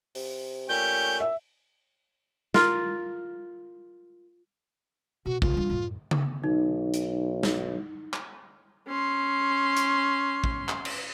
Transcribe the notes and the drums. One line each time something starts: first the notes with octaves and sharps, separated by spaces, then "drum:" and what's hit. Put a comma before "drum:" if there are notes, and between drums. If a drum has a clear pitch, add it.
C3, drum: open hi-hat
A#2 A3 C#4 G4 G6
E5
F4 A#4, drum: snare
B2 F#4
C#2 D3 F4, drum: kick
G3 D4
F#2 A2
drum: tom C#3
B1 D#4
drum: hi-hat
drum: snare
drum: clap
C#4 C6
drum: hi-hat
drum: kick
drum: clap
drum: cymbal